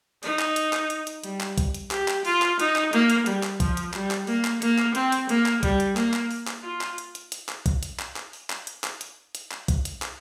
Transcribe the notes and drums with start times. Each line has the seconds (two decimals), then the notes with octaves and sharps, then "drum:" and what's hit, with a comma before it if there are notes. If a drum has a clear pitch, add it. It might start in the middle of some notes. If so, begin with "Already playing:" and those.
0.23 D#4, drum: open hi-hat
0.39 drum: clap
0.56 drum: hi-hat
0.73 drum: clap
0.90 drum: hi-hat
1.07 drum: hi-hat
1.24 G3, drum: hi-hat
1.41 drum: clap
1.58 drum: kick, hi-hat
1.74 drum: hi-hat
1.91 G4, drum: clap
2.08 drum: clap
2.25 F4, drum: open hi-hat
2.42 drum: clap
2.60 D#4, drum: hi-hat
2.76 drum: clap
2.93 A#3, drum: hi-hat
3.10 drum: hi-hat
3.26 G3, drum: hi-hat
3.43 drum: clap
3.60 F3, drum: kick, hi-hat
3.77 drum: hi-hat
3.94 G3, drum: clap
4.11 drum: clap
4.27 A#3, drum: open hi-hat
4.45 drum: clap
4.62 A#3, drum: hi-hat
4.79 drum: clap
4.95 C4, drum: hi-hat
5.12 drum: hi-hat
5.29 A#3, drum: hi-hat
5.46 drum: clap
5.63 G3, drum: kick, hi-hat
5.80 drum: hi-hat
5.97 A#3, drum: clap
6.14 drum: clap
6.31 drum: open hi-hat
6.47 drum: clap
6.64 F4
6.81 drum: clap
6.98 drum: hi-hat
7.15 drum: hi-hat
7.32 drum: hi-hat
7.49 drum: clap
7.66 drum: kick, hi-hat
7.83 drum: hi-hat
7.99 drum: clap
8.16 drum: clap
8.33 drum: open hi-hat
8.50 drum: clap
8.67 drum: hi-hat
8.84 drum: clap
9.01 drum: hi-hat
9.35 drum: hi-hat
9.52 drum: clap
9.68 drum: kick, hi-hat
9.85 drum: hi-hat
10.02 drum: clap